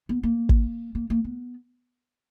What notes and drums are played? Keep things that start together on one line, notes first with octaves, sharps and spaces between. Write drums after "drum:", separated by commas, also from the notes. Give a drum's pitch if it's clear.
B3
A#3
drum: kick
A#3
A#3
B3